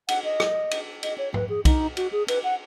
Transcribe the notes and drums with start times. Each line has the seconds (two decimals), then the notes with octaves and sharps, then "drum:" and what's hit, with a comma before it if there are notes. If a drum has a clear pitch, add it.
0.08 F#5, drum: cymbal
0.24 D#5
0.40 drum: rim click
0.71 drum: cymbal
1.03 D#5, drum: cymbal
1.18 C#5
1.34 B4, drum: tom
1.49 G#4
1.65 D#4, drum: kick B1, cymbal
1.97 F#4, drum: cymbal
2.12 G#4
2.28 B4, drum: cymbal
2.44 F#5